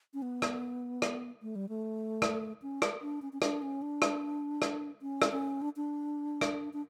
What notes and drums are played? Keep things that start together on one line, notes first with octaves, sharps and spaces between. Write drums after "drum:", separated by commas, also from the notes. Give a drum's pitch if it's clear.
C#4
B3
drum: rim click
drum: rim click
A3
G3
A3
drum: rim click
C#4
drum: rim click
D4
C#4
C#4
D4, drum: rim click
C#4
D4
drum: rim click
drum: rim click
C#4
drum: rim click
C#4
D4
D4
drum: rim click
D4